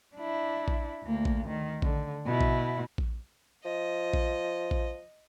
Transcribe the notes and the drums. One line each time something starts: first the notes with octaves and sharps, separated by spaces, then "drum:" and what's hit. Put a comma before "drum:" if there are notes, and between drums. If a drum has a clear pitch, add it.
D4 E4
drum: kick A#1
D2 A#3
drum: kick A#1
D#3
D3, drum: kick A#1
B2 E4
drum: kick A#1
drum: kick A#1
F3 D#5
drum: kick A#1
drum: kick A#1